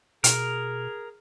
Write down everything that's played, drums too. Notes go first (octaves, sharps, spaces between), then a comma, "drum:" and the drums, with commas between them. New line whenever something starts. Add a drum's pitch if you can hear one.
B2 G#4 A#4, drum: hi-hat